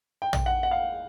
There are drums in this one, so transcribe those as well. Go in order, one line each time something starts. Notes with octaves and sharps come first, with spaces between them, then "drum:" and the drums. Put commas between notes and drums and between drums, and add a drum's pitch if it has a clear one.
G5
drum: tom A#1
F#5
F#5
F5